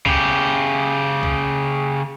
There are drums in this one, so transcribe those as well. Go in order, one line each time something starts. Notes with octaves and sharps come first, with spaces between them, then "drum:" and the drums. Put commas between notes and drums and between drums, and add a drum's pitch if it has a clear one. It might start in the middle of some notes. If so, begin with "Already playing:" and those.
C#3 G4, drum: kick C2
drum: kick C2